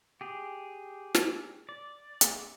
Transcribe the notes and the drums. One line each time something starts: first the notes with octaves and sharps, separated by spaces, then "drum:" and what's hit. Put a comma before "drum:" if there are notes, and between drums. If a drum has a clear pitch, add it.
G4 G#4
drum: snare
D5
drum: hi-hat